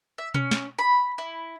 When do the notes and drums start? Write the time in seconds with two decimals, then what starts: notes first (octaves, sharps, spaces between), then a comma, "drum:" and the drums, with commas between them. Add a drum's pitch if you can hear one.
0.18 E5
0.34 C#4, drum: tom B2
0.51 drum: snare
0.79 B5
1.18 E4